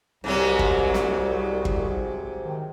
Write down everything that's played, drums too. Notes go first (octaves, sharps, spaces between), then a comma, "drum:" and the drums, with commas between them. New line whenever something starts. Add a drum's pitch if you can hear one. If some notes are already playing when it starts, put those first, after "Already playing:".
C2 G#2 C3 F#3
drum: kick
drum: snare
drum: kick
D#3